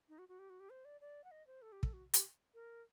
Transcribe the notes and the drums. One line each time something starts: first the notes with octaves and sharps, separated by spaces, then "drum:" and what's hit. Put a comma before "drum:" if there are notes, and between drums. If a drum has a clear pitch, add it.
D#4
F#4
F#4
G4
F#4
G4
C5
D5
D5
F#5
D#5
C5
A4
G4
A4, drum: kick
F#4
G4, drum: hi-hat
A#4